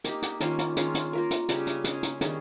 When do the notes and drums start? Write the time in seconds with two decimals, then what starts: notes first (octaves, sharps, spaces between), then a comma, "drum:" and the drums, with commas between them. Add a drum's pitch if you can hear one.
0.04 A#3 D#4 G4, drum: hi-hat
0.22 drum: hi-hat
0.40 D#3 A#3 C#4 F4, drum: hi-hat
0.58 drum: hi-hat
0.77 D#3 G#3 C#4 F4, drum: hi-hat
0.95 drum: hi-hat
1.13 A#3 F4 A#4
1.31 drum: hi-hat
1.49 C#3 G3 C#4 G4, drum: hi-hat
1.67 drum: hi-hat
1.84 G#3 C#4 G#4, drum: hi-hat
2.03 drum: hi-hat
2.21 D#3 G3 C#4 G#4, drum: hi-hat